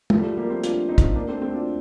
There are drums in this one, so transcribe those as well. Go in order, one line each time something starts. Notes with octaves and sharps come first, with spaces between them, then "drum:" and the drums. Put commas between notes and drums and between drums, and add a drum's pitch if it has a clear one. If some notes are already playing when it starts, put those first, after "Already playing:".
F3 A3, drum: tom
G3
F3 A3
G3 A#3
A3 C4
D4 F4, drum: hi-hat
C4 D#4
drum: kick, hi-hat
A#3 D4
A3 C4
A3 C4
D4 F4